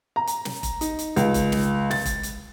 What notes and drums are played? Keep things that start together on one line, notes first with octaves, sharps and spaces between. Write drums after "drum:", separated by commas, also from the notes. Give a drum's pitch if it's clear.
A#5
drum: hi-hat
drum: snare
drum: kick F1, hi-hat
D#4, drum: hi-hat
drum: hi-hat
C#2, drum: hi-hat
drum: kick F1, hi-hat
drum: snare
A6, drum: snare
drum: kick F1, hi-hat
drum: hi-hat